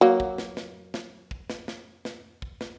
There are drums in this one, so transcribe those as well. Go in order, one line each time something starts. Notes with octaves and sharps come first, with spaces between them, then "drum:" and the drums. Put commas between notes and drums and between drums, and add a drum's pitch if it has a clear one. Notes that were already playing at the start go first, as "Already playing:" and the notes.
F#3 A#3
drum: kick
drum: snare
drum: snare
drum: snare
drum: kick
drum: snare
drum: snare
drum: snare
drum: kick
drum: snare